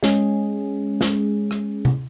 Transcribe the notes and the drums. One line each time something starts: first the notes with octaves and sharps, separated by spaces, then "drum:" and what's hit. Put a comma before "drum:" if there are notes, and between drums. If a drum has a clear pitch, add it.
G#3 C#4 G#4, drum: snare
drum: snare
drum: rim click
drum: tom C3